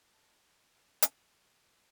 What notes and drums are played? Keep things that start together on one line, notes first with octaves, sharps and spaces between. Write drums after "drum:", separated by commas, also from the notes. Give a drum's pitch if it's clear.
D4 D#5 A5
drum: hi-hat